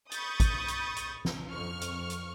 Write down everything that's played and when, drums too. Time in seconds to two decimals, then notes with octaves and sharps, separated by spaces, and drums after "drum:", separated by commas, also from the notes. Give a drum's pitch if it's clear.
0.12 B5 C#6 D#6 G6 A6, drum: hi-hat
0.40 drum: kick, hi-hat
0.68 drum: hi-hat
0.96 drum: hi-hat
1.25 drum: snare
1.50 F2 C#6 F6
1.81 drum: hi-hat
2.10 drum: hi-hat